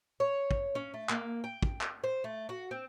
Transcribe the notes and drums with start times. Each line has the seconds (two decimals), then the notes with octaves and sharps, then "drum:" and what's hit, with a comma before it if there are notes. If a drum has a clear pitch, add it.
0.20 C#5
0.51 drum: kick
0.75 C#4
0.94 A3
1.09 A#3, drum: clap
1.44 G5
1.62 drum: kick
1.81 drum: clap
2.04 C5
2.24 A3
2.49 F#4
2.71 C4